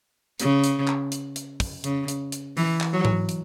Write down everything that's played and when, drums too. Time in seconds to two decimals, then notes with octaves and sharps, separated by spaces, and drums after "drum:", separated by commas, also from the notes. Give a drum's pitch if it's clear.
0.40 C#3, drum: hi-hat
0.64 drum: hi-hat
0.88 drum: clap
1.12 drum: hi-hat
1.36 drum: hi-hat
1.60 drum: kick, open hi-hat
1.84 C#3, drum: hi-hat
2.08 drum: hi-hat
2.32 drum: hi-hat
2.57 E3, drum: open hi-hat
2.81 drum: clap
2.93 F#3
3.05 drum: tom G#2
3.29 drum: hi-hat